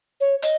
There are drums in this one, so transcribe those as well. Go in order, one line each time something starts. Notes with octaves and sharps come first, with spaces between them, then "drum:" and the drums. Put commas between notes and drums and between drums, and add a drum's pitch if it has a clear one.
C#5
D#5, drum: hi-hat